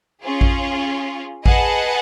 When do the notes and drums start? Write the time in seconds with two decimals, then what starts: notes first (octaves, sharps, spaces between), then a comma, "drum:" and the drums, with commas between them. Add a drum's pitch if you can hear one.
0.23 C#4 F4 G#4
0.41 drum: kick A1
1.46 G#4 B4 D#5 F#5 A5, drum: kick A1